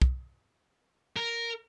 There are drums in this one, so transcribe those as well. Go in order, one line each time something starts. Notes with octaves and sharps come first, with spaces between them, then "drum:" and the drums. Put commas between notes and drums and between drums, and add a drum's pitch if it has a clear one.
drum: kick
A#4